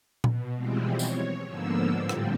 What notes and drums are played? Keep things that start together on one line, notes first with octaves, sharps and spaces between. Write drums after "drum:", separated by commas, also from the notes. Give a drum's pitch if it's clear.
B2, drum: tom A#2
B2 E3 F3 G3 G#3 C4
C#5, drum: tambourine
G#2 D3 F3 A#3 B3 E6
A2 D3 F3 G3 C4
drum: rim click